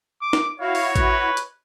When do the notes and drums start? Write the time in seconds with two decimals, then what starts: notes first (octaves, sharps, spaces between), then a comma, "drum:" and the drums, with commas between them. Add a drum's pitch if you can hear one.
0.22 D6
0.33 drum: snare
0.60 E4 F#4 C#5 F5
0.75 drum: open hi-hat
0.96 B4, drum: kick A1, hi-hat
1.37 drum: hi-hat